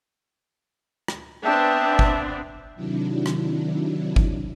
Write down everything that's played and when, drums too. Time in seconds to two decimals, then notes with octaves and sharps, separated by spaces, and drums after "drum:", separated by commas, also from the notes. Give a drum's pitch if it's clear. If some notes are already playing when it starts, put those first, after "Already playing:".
1.08 drum: rim click
1.45 B3 C4 D4 E5 G5 A5
1.99 drum: kick G1
2.75 C3 D#3 F#3 D4 E4
3.26 drum: rim click
4.16 drum: kick G1